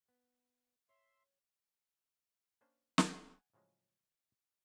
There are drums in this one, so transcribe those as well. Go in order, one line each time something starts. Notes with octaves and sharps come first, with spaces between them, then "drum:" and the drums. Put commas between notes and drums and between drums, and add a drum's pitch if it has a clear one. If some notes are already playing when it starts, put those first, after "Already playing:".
B3
C#5 E5 C6
A#3 C#4 D4 C5
drum: snare
F#5 G#5
A2 C#3 F3 F#3 G#3